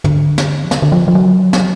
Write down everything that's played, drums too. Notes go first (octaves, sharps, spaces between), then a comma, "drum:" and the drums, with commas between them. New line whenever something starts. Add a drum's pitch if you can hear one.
D3, drum: tom
drum: snare
F3
D3, drum: snare
D3
F3
F3
F#3
drum: snare